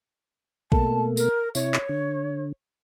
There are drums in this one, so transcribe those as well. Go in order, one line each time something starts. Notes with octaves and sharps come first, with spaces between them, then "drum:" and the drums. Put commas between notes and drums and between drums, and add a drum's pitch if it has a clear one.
B2 A3 A#3 A5, drum: kick A#1
A#4, drum: tambourine
C3 E4 C#5, drum: tambourine
drum: clap
D3